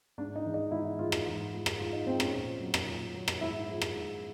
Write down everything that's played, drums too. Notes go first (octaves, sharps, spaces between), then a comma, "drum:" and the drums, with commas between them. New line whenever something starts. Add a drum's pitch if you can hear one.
G#2 D4
D#4
E3 G#3
D#4
G#2 E4
E3 G#3 F4
drum: rim click
G#2
F3 G#3
drum: rim click
G#2 F4
D#4
F3 G#3 C4
C#4, drum: rim click
A#2
F#3
drum: rim click
A#2
F#3
drum: rim click
G#2 E4
F3 G#3
drum: rim click
G#2